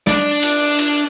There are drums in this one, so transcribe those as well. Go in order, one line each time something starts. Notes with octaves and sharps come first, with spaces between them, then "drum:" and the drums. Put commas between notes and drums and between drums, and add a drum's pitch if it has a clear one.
D4 D5, drum: snare
drum: cymbal
drum: cymbal